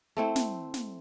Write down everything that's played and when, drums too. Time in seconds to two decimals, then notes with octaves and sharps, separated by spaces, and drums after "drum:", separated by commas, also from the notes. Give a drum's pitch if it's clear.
0.17 A3 C4 E4
0.36 drum: snare
0.74 drum: snare